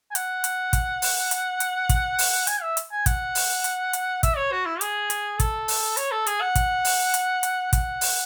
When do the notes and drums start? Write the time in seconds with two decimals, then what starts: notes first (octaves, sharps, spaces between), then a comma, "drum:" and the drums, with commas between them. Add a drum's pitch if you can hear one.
0.11 G#5
0.15 F#5, drum: hi-hat
0.44 drum: hi-hat
0.73 drum: kick, hi-hat
1.02 drum: open hi-hat
1.31 drum: hi-hat
1.60 drum: hi-hat
1.89 drum: kick, hi-hat
2.19 drum: open hi-hat
2.47 G#5, drum: hi-hat
2.62 E5
2.77 drum: hi-hat
2.91 G#5
3.06 F#5, drum: kick, hi-hat
3.35 drum: open hi-hat
3.64 drum: hi-hat
3.93 drum: hi-hat
4.23 E5, drum: kick, hi-hat
4.37 C#5
4.52 F#4
4.66 E4
4.81 G#4, drum: hi-hat
5.10 drum: hi-hat
5.40 A4, drum: kick, hi-hat
5.68 drum: open hi-hat
5.97 C#5, drum: hi-hat
6.12 A4
6.27 G#4, drum: hi-hat
6.41 F#5
6.55 drum: kick, hi-hat
6.85 drum: open hi-hat
7.14 drum: hi-hat
7.43 drum: hi-hat
7.73 F#5, drum: kick, hi-hat
8.01 drum: open hi-hat